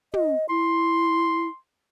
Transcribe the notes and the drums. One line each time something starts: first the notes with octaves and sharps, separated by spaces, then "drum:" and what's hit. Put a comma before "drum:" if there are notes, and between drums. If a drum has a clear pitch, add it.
D#5, drum: tom
E4 C6